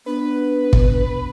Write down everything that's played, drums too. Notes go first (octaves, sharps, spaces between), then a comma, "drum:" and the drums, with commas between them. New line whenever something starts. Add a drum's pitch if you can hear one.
B3 D4 B4
drum: kick